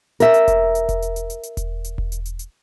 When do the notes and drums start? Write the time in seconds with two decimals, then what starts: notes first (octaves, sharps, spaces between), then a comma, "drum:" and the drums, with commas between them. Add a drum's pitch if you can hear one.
0.20 A#4 E5, drum: hi-hat
0.34 drum: hi-hat
0.48 drum: kick E1, hi-hat
0.75 drum: hi-hat
0.89 drum: kick E1, hi-hat
1.02 drum: hi-hat
1.16 drum: hi-hat
1.30 drum: hi-hat
1.43 drum: hi-hat
1.57 drum: kick E1, hi-hat
1.84 drum: hi-hat
1.98 drum: kick E1
2.12 drum: hi-hat
2.25 drum: hi-hat
2.39 drum: hi-hat